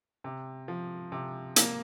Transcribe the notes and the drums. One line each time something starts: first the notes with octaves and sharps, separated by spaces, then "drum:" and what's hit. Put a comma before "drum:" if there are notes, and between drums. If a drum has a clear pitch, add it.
C3
F3
C3
A#3, drum: hi-hat